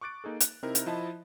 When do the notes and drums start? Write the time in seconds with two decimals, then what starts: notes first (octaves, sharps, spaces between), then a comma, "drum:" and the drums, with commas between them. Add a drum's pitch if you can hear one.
0.01 C#6 D6 F#6 A6 D7
0.24 A#3 D#4 G#4 A4
0.41 F#6, drum: hi-hat
0.63 C3 C4 D#4 E4 A#4
0.75 drum: hi-hat
0.86 F3 E4 D#5 A5 B5